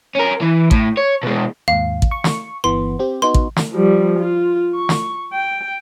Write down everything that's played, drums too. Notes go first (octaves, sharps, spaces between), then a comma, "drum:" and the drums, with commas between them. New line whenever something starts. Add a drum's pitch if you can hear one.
C#4 A#4
E3
A2, drum: kick
C#5
B2 G#3
D#2 G#2 F5
drum: kick
C#6
drum: snare
G1 E3 B3 C6
C4 G4
B3 D#4 F#4 C6
drum: kick
drum: snare
F3 G3
F4
C#6
drum: snare
G5